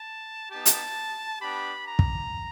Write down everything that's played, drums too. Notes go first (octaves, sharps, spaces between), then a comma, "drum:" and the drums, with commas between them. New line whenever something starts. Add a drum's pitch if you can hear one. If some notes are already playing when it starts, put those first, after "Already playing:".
Already playing: A5
B3 D#4 G4 A5
drum: hi-hat
B3 D4 G4 B5
A#5
drum: kick